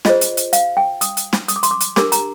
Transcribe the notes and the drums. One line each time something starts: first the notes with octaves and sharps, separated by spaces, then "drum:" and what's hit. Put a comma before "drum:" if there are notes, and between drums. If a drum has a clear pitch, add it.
F4 G#4 C5 D#5, drum: snare
drum: hi-hat
drum: hi-hat
F5, drum: hi-hat
G5
D#6, drum: hi-hat
drum: hi-hat
drum: snare
D#6, drum: hi-hat
D6
C6, drum: hi-hat
D6
drum: hi-hat
D4 G4 A#4 D6, drum: snare
A#5, drum: hi-hat